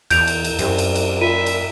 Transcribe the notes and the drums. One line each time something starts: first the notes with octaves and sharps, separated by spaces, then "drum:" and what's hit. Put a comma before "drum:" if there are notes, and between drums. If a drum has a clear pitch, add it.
E2 G6 D7 F7, drum: cymbal
drum: cymbal
drum: cymbal
C2 F#2, drum: cymbal
drum: cymbal
drum: cymbal
A#2 F4 E5 D#7
drum: cymbal